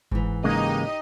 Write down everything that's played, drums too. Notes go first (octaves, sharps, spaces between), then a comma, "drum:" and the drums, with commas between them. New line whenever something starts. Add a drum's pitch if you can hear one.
G#2 E3, drum: kick G1
C#3 G#3 A#3 D#4 G4 D#5